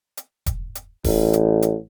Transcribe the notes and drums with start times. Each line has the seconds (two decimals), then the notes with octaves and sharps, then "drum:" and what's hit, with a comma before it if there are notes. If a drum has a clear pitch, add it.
0.17 drum: hi-hat
0.46 drum: kick E1, hi-hat
0.75 drum: hi-hat
1.04 A1, drum: kick E1, open hi-hat
1.33 drum: hi-hat
1.62 drum: hi-hat